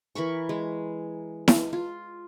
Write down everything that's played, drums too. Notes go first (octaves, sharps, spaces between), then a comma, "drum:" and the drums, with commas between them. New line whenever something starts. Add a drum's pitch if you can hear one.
E3 A#4 B5 C#6
G#3
drum: snare E4
F4